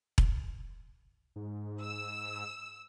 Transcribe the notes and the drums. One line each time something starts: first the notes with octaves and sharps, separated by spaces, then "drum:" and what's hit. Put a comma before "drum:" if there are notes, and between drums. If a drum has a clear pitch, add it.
drum: kick E1
G#2
E6